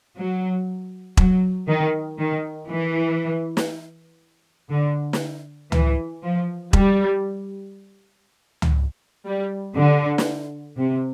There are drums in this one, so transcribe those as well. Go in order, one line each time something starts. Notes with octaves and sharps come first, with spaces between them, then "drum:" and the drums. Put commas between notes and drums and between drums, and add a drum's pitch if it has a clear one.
F#3
F#3, drum: kick E1
D#3
D#3
E3
drum: snare
D3
drum: snare
E3, drum: tom C#2
F3
G3, drum: kick E1
drum: tom C#2
G3
D3
drum: snare
C3